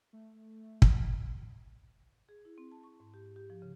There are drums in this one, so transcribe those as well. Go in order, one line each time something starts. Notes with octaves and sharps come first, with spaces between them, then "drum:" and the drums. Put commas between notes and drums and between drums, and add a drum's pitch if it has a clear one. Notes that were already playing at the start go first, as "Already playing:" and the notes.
A3
drum: kick
G#4
E4
C4
A5
C#6
G#2
G4
G4
F3
C#3